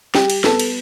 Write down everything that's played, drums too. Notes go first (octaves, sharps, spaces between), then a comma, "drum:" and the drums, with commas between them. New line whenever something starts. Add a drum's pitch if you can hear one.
G3 G4 G5, drum: snare
drum: cymbal
B3 A4 A5, drum: snare
drum: cymbal